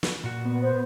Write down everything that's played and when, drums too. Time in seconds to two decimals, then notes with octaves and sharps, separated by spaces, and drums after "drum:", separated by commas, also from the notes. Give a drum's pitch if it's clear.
0.03 drum: snare
0.24 A#2 F#4
0.45 B3
0.62 C5